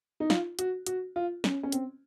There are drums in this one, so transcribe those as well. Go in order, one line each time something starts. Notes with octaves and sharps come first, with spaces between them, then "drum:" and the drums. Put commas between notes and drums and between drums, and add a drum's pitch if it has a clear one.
D#4
F4, drum: snare
F#4, drum: hi-hat
F#4, drum: hi-hat
F4
C#4, drum: snare
C#4
C4, drum: hi-hat